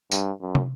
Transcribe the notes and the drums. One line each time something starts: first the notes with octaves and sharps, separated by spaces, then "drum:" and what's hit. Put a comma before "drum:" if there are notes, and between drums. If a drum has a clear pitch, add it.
G2, drum: tambourine
F#2
drum: tom